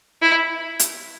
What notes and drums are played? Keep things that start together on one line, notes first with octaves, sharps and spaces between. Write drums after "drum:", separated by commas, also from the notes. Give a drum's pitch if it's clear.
E4
drum: hi-hat